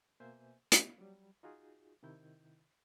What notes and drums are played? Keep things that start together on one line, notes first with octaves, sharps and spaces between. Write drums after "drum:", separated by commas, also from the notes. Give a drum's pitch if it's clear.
B2 A#3 C5 E5 G#5 G6
E4, drum: hi-hat
F#3 G3
D#4 F4 F#4 G#4
C3 D#3 E4 G6